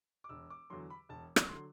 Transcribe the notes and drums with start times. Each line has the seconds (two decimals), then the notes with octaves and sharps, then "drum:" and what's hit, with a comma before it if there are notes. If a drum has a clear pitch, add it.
0.24 D6
0.29 E1 E6
0.50 D6
0.70 E2 D3 F#3 C6
0.90 B5
1.09 E1 A5
1.36 drum: rim click
1.49 D3 F#3 C6